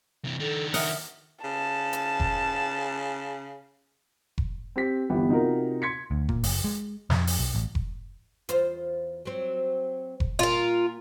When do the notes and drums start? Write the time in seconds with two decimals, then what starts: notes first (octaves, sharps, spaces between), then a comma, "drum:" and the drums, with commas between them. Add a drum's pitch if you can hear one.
0.25 C3 E3
0.40 D#3 D4 A4
0.74 A#4 D#5 E5 F#5, drum: open hi-hat
1.44 C#3 A5
1.93 drum: hi-hat
2.20 drum: kick F1
4.38 drum: kick F1
4.76 C4 G4 B6
5.10 G1 E3 B3 G4
5.29 C3 D#4 F4 F#4 A#4
5.82 C6 G#6 B6 C#7
6.11 D2
6.29 A#2, drum: kick F1
6.43 F#1, drum: open hi-hat
6.64 G#3
7.10 F2, drum: snare
7.27 drum: open hi-hat
7.39 B1
7.55 A1
7.75 drum: kick F1
8.49 E2 F4 C5, drum: hi-hat
9.25 F#3 C4
10.20 drum: kick F1
10.39 A#2 F4 A#4